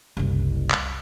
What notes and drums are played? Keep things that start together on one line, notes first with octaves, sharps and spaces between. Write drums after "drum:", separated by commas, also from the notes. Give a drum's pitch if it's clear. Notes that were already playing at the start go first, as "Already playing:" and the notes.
F#1 C2
drum: clap